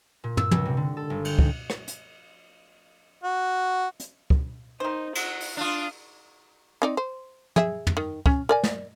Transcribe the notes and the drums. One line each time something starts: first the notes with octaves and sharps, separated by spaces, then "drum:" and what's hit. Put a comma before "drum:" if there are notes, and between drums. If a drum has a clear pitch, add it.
A#2
E6, drum: tom
C#2, drum: tom
C3
D3
A4
G1
G6, drum: cymbal
G#2, drum: kick
drum: rim click
drum: hi-hat
F#4
drum: hi-hat
drum: kick
D#3 D#4 C5
F#5, drum: cymbal
drum: open hi-hat
D4 F4 F5 D#6
C4 D#4 D5
C5
G#4 E5, drum: tom
drum: tom
D#3
C#4, drum: kick
A#4 D5 G#5
drum: snare